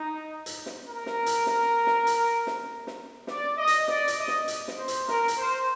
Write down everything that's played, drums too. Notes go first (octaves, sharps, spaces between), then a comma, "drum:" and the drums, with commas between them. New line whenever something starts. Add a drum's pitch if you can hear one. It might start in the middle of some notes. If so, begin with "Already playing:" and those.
Already playing: D#4
drum: hi-hat
drum: snare
A#4
drum: snare
drum: hi-hat
drum: snare
drum: snare
drum: hi-hat
drum: snare
drum: snare
D5, drum: snare
D#5
drum: hi-hat
D5, drum: snare
drum: hi-hat
D#5
drum: snare
drum: hi-hat
drum: snare
C5
drum: hi-hat
A#4, drum: snare
drum: hi-hat
C5